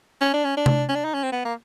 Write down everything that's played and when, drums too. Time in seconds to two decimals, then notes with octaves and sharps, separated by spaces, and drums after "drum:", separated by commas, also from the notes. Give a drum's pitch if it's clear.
0.21 C#4
0.33 D4
0.45 C#4
0.57 D4
0.66 drum: tom C3
0.89 C#4
0.95 D4
1.04 D#4
1.14 C#4
1.23 C4
1.32 B3
1.45 A#3